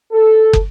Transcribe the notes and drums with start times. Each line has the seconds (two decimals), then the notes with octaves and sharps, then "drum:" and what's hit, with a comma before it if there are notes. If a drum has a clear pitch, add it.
0.13 A4
0.53 drum: kick